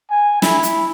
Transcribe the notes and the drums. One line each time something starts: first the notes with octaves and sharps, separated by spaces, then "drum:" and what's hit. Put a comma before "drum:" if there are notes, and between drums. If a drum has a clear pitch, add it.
G#5
E4, drum: snare
drum: hi-hat